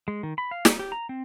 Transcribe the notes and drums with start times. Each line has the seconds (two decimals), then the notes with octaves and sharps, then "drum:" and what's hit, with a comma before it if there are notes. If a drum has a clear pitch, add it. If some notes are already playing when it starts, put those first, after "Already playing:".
0.08 G#3
0.23 D#3
0.38 B5
0.51 F5
0.65 D#4, drum: snare
0.79 G4
0.92 A#5
1.09 C4